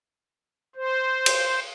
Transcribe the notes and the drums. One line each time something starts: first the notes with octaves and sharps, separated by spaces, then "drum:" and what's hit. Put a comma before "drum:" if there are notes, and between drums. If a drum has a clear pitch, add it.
C5
drum: cymbal